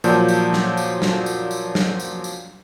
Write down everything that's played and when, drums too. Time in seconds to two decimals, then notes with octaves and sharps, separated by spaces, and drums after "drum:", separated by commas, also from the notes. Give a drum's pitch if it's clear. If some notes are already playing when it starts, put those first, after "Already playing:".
0.04 A#2 F3 F#3 D5 A5 G6, drum: tambourine
0.28 drum: tambourine
0.53 drum: snare
0.77 drum: tambourine
1.02 drum: snare
1.26 drum: tambourine
1.51 drum: tambourine
1.75 drum: snare
2.00 drum: tambourine
2.24 drum: tambourine